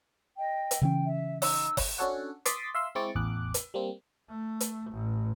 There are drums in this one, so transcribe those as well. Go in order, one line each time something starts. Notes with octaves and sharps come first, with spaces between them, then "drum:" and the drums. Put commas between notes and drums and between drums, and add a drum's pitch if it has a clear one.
D#5 G5
drum: hi-hat
C#3 E3 C#4 G5
E5
D#4 E6, drum: open hi-hat
drum: kick, open hi-hat
C#4 D4 F#4 A4 C#5 F#5
C6 D6 D#6 A6 B6, drum: hi-hat
E5 F5 C6 E6
G#3 C4 E4 C#6 D6 A6
A1 E2 D6 F#6
drum: hi-hat
G3 A#3 C4
A3
drum: hi-hat
A1